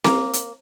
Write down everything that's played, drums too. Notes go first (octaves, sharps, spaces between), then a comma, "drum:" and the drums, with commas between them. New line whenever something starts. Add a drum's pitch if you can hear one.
A#3, drum: snare C4
drum: hi-hat